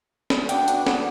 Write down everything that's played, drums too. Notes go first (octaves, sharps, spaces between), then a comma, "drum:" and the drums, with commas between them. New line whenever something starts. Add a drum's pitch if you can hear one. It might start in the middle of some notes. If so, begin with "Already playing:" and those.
drum: snare
B3 D4 F#4 G5, drum: hi-hat
drum: hi-hat
drum: snare